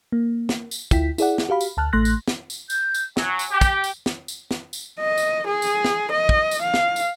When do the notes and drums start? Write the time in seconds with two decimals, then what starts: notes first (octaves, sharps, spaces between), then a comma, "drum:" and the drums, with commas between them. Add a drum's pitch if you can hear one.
0.12 A#3
0.49 drum: snare
0.71 drum: tambourine
0.91 D2 E4 F4 G5 B6, drum: kick, tambourine
1.18 E4 G#4 D5 F#5, drum: tambourine
1.38 drum: snare
1.49 F#4 G4 F5 B5
1.61 drum: tambourine
1.77 D2 A5 F6 F#6
1.93 A1 A3 C6 F#6 A#6
2.05 drum: tambourine
2.28 drum: snare
2.50 drum: tambourine
2.70 G6, drum: tambourine
2.94 drum: tambourine
3.17 F#3 G#5, drum: snare
3.39 drum: tambourine
3.51 G4
3.61 drum: kick, tambourine
3.84 drum: tambourine
4.06 drum: snare
4.28 drum: tambourine
4.51 drum: snare
4.73 drum: tambourine
5.00 D#5
5.18 drum: tambourine
5.47 G#4
5.62 drum: tambourine
5.84 drum: snare
6.12 D#5
6.29 drum: kick
6.51 drum: tambourine
6.62 F5
6.74 drum: snare
6.96 drum: tambourine